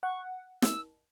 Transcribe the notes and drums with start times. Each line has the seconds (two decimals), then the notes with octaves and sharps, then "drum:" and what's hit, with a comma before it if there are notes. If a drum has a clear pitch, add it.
0.03 F#5 C#6
0.62 E6, drum: snare